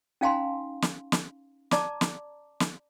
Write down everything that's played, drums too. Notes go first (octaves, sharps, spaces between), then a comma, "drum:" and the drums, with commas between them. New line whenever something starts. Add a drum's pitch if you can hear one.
C#4 D#4 F5 G#5 A#5 C6
drum: snare
drum: snare
D5 A5 A#5 D6, drum: snare
drum: snare
drum: snare